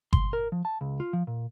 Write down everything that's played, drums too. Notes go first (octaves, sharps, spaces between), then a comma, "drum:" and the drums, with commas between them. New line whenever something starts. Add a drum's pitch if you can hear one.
C6, drum: kick G1
A#4
F3
A5
C#2
F4
F3
A#2